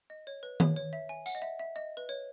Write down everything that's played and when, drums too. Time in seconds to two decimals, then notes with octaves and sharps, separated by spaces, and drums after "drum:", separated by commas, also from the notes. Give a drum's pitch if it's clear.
0.10 D#5
0.27 C#5
0.43 B4
0.60 C#5, drum: tom D#3
0.76 C#5
0.93 E5
1.09 G#5
1.26 F#5, drum: tambourine
1.35 D#5
1.42 E5
1.59 E5
1.76 D#5
1.97 B4
2.09 C#5